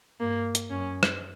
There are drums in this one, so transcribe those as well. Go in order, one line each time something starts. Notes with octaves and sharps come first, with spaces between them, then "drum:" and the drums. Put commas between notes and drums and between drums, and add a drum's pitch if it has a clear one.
G2 A#3
drum: hi-hat
F#2 C#4
drum: rim click